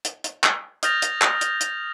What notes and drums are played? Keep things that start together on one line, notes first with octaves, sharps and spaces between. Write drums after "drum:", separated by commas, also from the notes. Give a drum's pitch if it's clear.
drum: hi-hat
drum: hi-hat
drum: clap
D#6 F6 G6 A6 A#6 F7, drum: hi-hat
drum: hi-hat
drum: clap
drum: hi-hat
drum: hi-hat